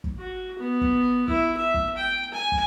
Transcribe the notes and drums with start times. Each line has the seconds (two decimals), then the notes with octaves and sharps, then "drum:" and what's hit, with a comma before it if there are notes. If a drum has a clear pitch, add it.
0.04 drum: kick
0.19 F#4
0.58 B3
0.81 drum: kick
1.28 E4, drum: kick
1.58 E5
1.74 drum: kick
1.97 G5
2.32 G#5
2.52 drum: kick